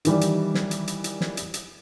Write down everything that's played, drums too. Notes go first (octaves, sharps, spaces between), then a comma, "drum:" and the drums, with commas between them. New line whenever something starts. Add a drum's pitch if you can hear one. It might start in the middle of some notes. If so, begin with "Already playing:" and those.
D#3 E3 G3, drum: hi-hat
drum: hi-hat
drum: snare
drum: hi-hat
drum: hi-hat
drum: hi-hat
drum: snare
drum: hi-hat
drum: hi-hat